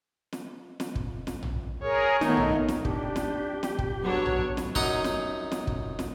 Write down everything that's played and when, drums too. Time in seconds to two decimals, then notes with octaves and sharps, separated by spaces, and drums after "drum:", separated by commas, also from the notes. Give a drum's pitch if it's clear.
0.33 drum: snare
0.80 drum: snare
0.95 drum: kick
1.27 drum: snare
1.43 drum: tom A#1
1.83 G#4 A#4 C#5
2.21 D#3 A3 B3 D#4, drum: snare
2.37 drum: tom A#1
2.68 drum: snare
2.85 D4 G4, drum: kick
3.16 drum: snare
3.63 drum: snare
3.79 drum: kick
4.03 F#3 B3 D4 C#5
4.26 drum: tom A#1
4.57 drum: snare
4.75 F#2 D#4 F#5 A#5 D#6, drum: kick
5.04 drum: snare
5.52 drum: snare
5.67 drum: kick
5.99 drum: snare